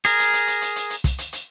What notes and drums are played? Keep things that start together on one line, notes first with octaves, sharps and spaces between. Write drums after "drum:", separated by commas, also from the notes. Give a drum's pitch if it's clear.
G#4 A#4, drum: hi-hat
drum: hi-hat
drum: hi-hat
drum: hi-hat
drum: hi-hat
drum: hi-hat
drum: hi-hat
drum: kick, hi-hat
drum: hi-hat
drum: hi-hat